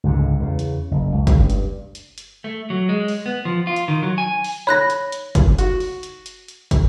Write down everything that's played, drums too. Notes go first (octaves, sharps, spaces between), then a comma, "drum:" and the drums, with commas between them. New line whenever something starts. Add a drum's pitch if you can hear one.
C#2 G#2 D3
E2 C#3
drum: hi-hat
F#1
C#2
drum: kick, hi-hat
G2
drum: hi-hat
drum: hi-hat
drum: hi-hat
A3
F#3
G#3
drum: open hi-hat
B3
F3
F4
drum: hi-hat
D#3
F#3
G#5
drum: open hi-hat
C#5 B5 F#6 A#6
drum: hi-hat
drum: hi-hat
drum: kick, hi-hat
F#4, drum: hi-hat
drum: open hi-hat
drum: hi-hat
drum: hi-hat
drum: hi-hat
drum: kick, hi-hat